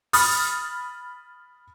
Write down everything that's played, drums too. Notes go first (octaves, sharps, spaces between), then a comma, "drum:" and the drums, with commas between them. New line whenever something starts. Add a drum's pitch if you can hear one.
B5 D#6 F6 A6, drum: open hi-hat